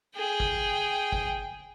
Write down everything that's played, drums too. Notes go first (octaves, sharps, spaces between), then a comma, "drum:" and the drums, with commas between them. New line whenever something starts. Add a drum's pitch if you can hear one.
G#4 G5
drum: kick G#1
drum: kick G#1